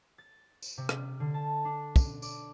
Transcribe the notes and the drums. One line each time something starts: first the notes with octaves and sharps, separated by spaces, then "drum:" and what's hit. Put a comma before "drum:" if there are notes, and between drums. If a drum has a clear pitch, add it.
A6
drum: tambourine
C3
drum: rim click
D3
A5
D4
drum: kick, tambourine
D5, drum: tambourine